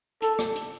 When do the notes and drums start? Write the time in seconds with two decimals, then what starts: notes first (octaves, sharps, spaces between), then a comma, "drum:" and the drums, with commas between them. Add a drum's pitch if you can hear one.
0.22 A4, drum: hi-hat
0.39 drum: rim click
0.55 drum: hi-hat